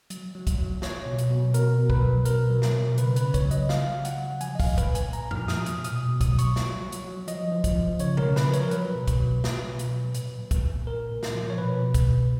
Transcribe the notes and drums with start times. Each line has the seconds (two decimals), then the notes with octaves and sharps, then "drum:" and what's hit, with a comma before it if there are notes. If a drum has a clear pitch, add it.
0.10 F#3, drum: hi-hat
0.35 F#3
0.47 drum: kick, hi-hat
0.58 F#3
0.82 F#3 C#5, drum: snare
1.06 B2
1.18 drum: hi-hat
1.30 B2
1.54 B2 A#4, drum: hi-hat
1.79 B2
1.90 B4, drum: kick
2.02 F#3
2.25 B2 A#4, drum: hi-hat
2.50 F#3
2.62 drum: snare
2.74 B2
2.98 C#3 B4, drum: hi-hat
3.16 B4, drum: hi-hat
3.22 C#3
3.34 C#5, drum: kick, hi-hat
3.45 F#3
3.51 D#5, drum: hi-hat
3.69 F#3 F5, drum: snare
3.93 C#3
4.05 F#5, drum: hi-hat
4.17 F#3
4.41 F3 G#5, drum: hi-hat
4.55 D#5
4.60 F5, drum: kick, open hi-hat
4.66 A#2
4.78 B4, drum: kick, hi-hat
4.90 A#2
4.95 G#5, drum: hi-hat
5.13 A#2 A#5, drum: hi-hat
5.31 F6, drum: tom F2
5.36 F3
5.48 D#6, drum: snare
5.60 A#2
5.66 F6, drum: hi-hat
5.84 B2 D#6, drum: hi-hat
6.09 B2
6.21 D#6, drum: kick, hi-hat
6.32 F#3
6.39 C#6, drum: hi-hat
6.56 F#3, drum: snare
6.81 F#3
6.92 drum: hi-hat
7.04 F#3
7.28 F3 D#5, drum: hi-hat
7.52 F3
7.64 drum: kick, hi-hat
7.75 F3
7.99 C#3 C#5, drum: hi-hat
8.17 A#4, drum: tom A#2
8.24 C#3
8.36 B4, drum: snare
8.47 F3
8.53 C#5, drum: hi-hat
8.63 A#4
8.71 F#3 B4, drum: hi-hat
8.96 B2
9.08 drum: kick, hi-hat
9.20 F#3
9.44 F#3, drum: snare
9.68 B2
9.79 drum: hi-hat
9.91 F#3
10.15 A#2, drum: hi-hat
10.39 A#2
10.51 drum: kick, hi-hat
10.64 A#2
10.87 A#2 A#4
11.11 A#2
11.23 drum: snare
11.35 F3
11.50 C#5
11.58 B2 B4
11.82 B2
11.94 drum: kick, hi-hat
12.06 B2